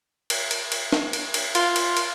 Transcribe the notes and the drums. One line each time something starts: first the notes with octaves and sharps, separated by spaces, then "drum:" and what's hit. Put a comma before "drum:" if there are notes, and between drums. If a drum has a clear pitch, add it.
drum: cymbal
drum: cymbal
drum: cymbal
drum: snare
drum: cymbal
drum: cymbal
F4, drum: cymbal
drum: cymbal
drum: cymbal